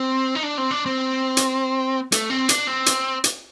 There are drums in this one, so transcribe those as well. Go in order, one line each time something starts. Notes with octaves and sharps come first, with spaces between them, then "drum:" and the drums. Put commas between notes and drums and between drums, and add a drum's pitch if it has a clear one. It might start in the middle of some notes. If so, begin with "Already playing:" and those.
Already playing: C4
D#4
D4
C4
D4
C4
drum: hi-hat
A3, drum: hi-hat
C4
D4, drum: hi-hat
C4
drum: hi-hat
drum: hi-hat